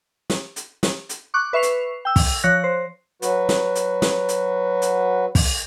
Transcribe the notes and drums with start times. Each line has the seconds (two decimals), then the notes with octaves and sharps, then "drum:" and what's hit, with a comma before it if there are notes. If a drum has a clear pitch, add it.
0.30 drum: snare
0.56 drum: hi-hat
0.83 drum: snare
1.09 drum: hi-hat
1.34 C#6 D6 F#6
1.53 B4 E5 C#6 C7 F7
1.63 drum: hi-hat
2.05 G5 E6
2.16 drum: kick, open hi-hat
2.44 F3 C#5 F#6 A#6
2.64 C5
3.22 F#3 F#4 B4, drum: hi-hat
3.49 drum: snare
3.75 drum: hi-hat
4.02 drum: snare
4.29 drum: hi-hat
4.82 drum: hi-hat
5.35 drum: kick, open hi-hat